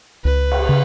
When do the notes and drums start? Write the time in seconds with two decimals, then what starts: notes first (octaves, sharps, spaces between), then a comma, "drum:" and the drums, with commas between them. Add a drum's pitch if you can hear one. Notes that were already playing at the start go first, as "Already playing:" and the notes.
0.25 C#2 B4
0.52 drum: cymbal
0.69 C#3